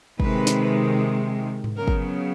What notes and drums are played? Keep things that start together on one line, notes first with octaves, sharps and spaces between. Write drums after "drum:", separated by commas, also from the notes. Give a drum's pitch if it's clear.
C3 D#3 G#3 B4, drum: kick
drum: snare
drum: tom G#2
C#3 F#3 B3 A#4
drum: kick